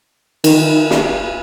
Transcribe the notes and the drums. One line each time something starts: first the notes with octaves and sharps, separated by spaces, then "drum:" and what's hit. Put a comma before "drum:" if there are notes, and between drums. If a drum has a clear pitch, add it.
D#3, drum: cymbal
drum: snare